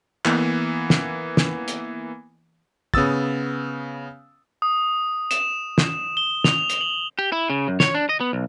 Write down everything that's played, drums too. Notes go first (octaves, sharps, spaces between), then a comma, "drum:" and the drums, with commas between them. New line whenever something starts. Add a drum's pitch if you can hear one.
E3 A#3 B3, drum: clap
drum: snare
drum: snare
drum: hi-hat
C#3 B3 D#6 E6 A6, drum: kick
D#6
E7, drum: hi-hat
drum: snare
G7
F7, drum: snare
drum: hi-hat
F#7
G4
E4
C#3
F#2
C#5, drum: snare
D4
D#5
B3
B1